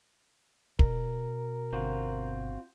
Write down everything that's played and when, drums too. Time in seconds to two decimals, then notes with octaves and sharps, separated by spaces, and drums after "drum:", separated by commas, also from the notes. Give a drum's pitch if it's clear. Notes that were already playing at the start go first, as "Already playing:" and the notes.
0.79 B2 A#4, drum: kick
1.73 G1 C4 F4 F#4